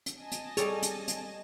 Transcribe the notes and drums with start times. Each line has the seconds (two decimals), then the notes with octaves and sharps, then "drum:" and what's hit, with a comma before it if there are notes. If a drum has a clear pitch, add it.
0.06 drum: hi-hat
0.20 D#5 G#5 A5
0.32 drum: hi-hat
0.57 G3 G#4 A4 C#5, drum: hi-hat
0.82 drum: hi-hat
1.08 drum: hi-hat